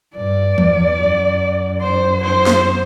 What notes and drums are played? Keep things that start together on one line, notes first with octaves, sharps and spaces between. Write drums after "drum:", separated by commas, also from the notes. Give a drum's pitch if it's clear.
G2 D5
E2, drum: tom E3
F#2
C5
C5
drum: snare